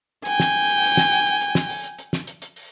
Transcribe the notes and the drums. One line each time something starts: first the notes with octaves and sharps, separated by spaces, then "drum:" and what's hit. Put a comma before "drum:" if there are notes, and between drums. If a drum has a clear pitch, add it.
G5 G#5, drum: hi-hat
drum: snare
drum: hi-hat
drum: open hi-hat
drum: snare
drum: hi-hat
drum: hi-hat
drum: hi-hat
drum: snare
drum: open hi-hat
drum: hi-hat
drum: hi-hat
drum: snare
drum: hi-hat
drum: hi-hat
drum: open hi-hat